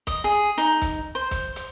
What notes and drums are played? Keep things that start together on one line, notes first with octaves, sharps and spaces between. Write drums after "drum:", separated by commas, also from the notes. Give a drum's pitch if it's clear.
D#5, drum: kick, hi-hat
G#4
D#4, drum: hi-hat
drum: kick, hi-hat
C5
drum: kick, hi-hat
drum: hi-hat